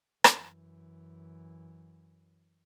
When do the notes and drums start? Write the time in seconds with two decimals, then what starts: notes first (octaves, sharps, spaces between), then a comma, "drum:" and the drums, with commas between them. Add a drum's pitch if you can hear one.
0.24 F#2 E3, drum: rim click